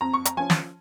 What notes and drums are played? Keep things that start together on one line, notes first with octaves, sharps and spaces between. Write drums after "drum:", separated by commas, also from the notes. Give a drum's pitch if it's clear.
F2 A#5
C#6
A#5, drum: hi-hat
F3 C#4 G#5
drum: snare